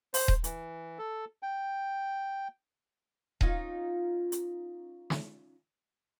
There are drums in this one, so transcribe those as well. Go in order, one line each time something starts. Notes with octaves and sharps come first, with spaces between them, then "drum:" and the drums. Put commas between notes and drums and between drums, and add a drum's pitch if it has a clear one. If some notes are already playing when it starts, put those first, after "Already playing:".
C5, drum: open hi-hat
drum: kick D#1
E3, drum: hi-hat
A4
G5
C#4 D#4 F4, drum: kick D#1
drum: hi-hat
drum: snare